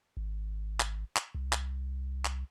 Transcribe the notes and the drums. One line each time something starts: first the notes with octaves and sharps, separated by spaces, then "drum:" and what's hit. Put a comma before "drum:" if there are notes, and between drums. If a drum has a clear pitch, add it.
G#1
drum: clap
drum: clap
C2
drum: clap
drum: clap